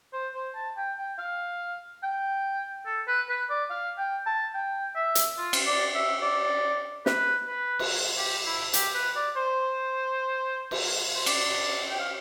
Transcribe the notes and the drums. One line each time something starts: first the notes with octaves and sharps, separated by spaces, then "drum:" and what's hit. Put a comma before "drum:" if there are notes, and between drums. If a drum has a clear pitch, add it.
C5
C5
A5
G5
G5
F5
G5
A4
B4
B4
D5
F5
G5
A5
G5
E5
drum: hi-hat
F4
drum: cymbal
D5
E5
D5
B4, drum: snare
B4
drum: cymbal
G4
E4
G4, drum: hi-hat
B4
D5
C5
drum: cymbal
C5
D5, drum: cymbal
G5
F5